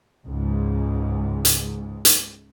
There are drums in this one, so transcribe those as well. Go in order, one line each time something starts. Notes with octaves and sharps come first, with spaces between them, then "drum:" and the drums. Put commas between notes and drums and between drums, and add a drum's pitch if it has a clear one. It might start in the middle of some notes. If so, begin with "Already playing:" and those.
C#2 G#2
drum: hi-hat
drum: hi-hat